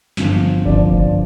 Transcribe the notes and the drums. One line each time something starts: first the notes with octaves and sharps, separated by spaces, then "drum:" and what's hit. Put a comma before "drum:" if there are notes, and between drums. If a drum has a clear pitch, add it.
G1 G2 D3 F3, drum: snare
G1 G2 D3 F3 D5, drum: kick F1
drum: kick F1